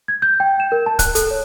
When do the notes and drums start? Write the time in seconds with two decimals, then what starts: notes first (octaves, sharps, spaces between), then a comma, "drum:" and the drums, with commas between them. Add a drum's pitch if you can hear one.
0.08 G#6
0.22 G6
0.40 G5
0.60 E7
0.72 A#4
0.86 A5
0.99 F#6, drum: kick, hi-hat
1.15 A4, drum: hi-hat
1.31 C#5